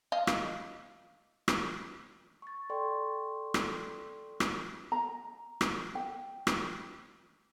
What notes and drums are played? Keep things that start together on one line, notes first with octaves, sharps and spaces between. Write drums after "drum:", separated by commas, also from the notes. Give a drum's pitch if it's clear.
D#5 F5
drum: rim click
drum: rim click
C#6 A6
A4 D5 G5 C6 C#6
drum: rim click
drum: rim click
A#5
drum: rim click
G5
drum: rim click